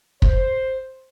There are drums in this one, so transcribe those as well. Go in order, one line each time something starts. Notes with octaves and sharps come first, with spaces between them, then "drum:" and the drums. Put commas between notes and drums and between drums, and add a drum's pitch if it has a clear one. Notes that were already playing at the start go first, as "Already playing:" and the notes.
C5, drum: kick